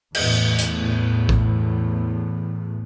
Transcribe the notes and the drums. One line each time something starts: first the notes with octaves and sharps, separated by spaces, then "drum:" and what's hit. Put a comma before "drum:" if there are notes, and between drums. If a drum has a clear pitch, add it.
E2 A2, drum: cymbal
drum: hi-hat
drum: kick A1